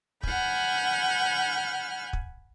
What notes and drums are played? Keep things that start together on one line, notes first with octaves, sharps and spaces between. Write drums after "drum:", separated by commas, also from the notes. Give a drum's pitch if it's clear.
F#5 G#5 B5 F6 G6, drum: kick
drum: kick